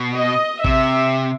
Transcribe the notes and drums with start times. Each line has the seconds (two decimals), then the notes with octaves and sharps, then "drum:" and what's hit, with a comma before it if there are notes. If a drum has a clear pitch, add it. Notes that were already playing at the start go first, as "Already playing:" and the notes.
Already playing: B2
0.17 D#5
0.64 C3 E5, drum: kick A1